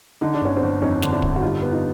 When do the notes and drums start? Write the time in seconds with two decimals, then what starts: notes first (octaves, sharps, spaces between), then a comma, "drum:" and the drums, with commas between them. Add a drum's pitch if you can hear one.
0.21 D3 D#4
0.34 D4
0.41 G1 C#4
0.57 C4 D4
0.62 G1
0.81 F2 C#4 D#4
1.02 D3, drum: snare
1.12 D4 E4
1.22 G1, drum: kick
1.36 F#4
1.43 G3 D#4 F4
1.62 B3
1.72 D#4 F4